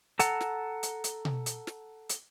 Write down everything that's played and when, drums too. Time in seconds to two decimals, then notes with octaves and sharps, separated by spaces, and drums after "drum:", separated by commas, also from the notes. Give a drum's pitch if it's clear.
0.19 A4 F#5 A#5, drum: hi-hat
0.41 drum: snare
0.83 drum: hi-hat
1.04 drum: hi-hat
1.25 drum: tom B2
1.46 drum: hi-hat
1.67 drum: snare
2.09 drum: hi-hat